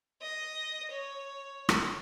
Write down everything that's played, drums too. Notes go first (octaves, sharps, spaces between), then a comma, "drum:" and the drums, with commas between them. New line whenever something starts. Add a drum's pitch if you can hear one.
D#5
C#5
drum: rim click